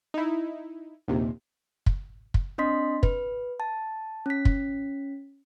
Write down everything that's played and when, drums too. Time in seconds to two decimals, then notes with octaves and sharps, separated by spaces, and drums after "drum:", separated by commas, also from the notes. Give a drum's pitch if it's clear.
0.14 D#4 E4
1.08 A#1 D#2 C3
1.86 drum: kick
2.34 drum: kick
2.58 C4 D4 D#5 C6 B6
3.03 B4, drum: kick
3.60 A5
4.26 C#4 B6
4.45 drum: kick